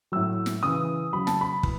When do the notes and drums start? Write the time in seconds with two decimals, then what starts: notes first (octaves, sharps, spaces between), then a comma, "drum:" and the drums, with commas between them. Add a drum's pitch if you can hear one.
0.12 A2 F#3 E6
0.46 drum: snare
0.63 C#3 E3 D#6
1.13 C#3 F#3 B5
1.27 A5, drum: snare
1.41 B5
1.63 E3, drum: kick